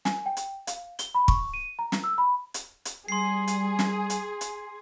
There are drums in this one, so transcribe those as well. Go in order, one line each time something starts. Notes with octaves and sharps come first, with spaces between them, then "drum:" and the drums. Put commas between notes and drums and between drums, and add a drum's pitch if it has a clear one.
G#5, drum: snare
G5
drum: hi-hat
F5, drum: hi-hat
G7, drum: hi-hat
B5
C#6, drum: kick
D#7
A#5
drum: snare
E6
B5
drum: hi-hat
drum: hi-hat
G3 G#4 C6 C7
drum: hi-hat
drum: snare
drum: hi-hat
drum: hi-hat